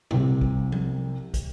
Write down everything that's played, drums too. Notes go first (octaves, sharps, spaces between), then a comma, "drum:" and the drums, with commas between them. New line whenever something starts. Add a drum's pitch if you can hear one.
C2 C3, drum: tom
drum: kick
drum: tom F3
drum: kick, hi-hat